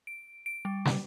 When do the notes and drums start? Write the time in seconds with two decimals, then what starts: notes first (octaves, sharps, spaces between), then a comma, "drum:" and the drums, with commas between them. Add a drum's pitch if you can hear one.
0.07 D7
0.46 D7
0.65 G3
0.85 drum: snare